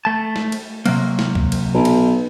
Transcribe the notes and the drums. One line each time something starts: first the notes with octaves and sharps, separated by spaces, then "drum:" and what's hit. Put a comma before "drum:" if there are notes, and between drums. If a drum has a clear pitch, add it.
A3 A5
drum: snare
drum: cymbal
C3 F#3 A#3, drum: cymbal
drum: snare
drum: kick
drum: cymbal
B1
drum: cymbal